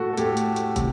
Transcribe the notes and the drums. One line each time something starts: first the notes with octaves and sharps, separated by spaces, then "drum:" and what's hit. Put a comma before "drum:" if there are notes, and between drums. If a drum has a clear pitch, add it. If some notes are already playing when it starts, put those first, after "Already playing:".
Already playing: A2 A3 F#4 A4
A4
A2 A3 G4, drum: hi-hat
drum: hi-hat
drum: hi-hat
C3, drum: kick, hi-hat